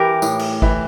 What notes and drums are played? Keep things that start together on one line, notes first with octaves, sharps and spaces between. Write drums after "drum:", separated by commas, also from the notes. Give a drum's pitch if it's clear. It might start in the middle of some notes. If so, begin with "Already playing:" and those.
Already playing: E3 G4 A#4
A2, drum: tambourine
drum: cymbal
E3, drum: kick